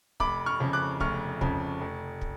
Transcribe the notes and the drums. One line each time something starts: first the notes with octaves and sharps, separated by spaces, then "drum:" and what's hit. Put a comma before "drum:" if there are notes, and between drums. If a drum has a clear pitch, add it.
F1 B5 D6, drum: kick
C#6 F6
F2 C#3
D6 F#6
F1 C#6 F6, drum: kick
F2 C#3, drum: kick
F1
drum: kick